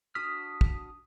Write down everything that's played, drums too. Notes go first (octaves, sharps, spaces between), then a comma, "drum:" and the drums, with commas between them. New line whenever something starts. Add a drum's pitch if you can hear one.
D4 F#4 D#6 F6 B6
drum: kick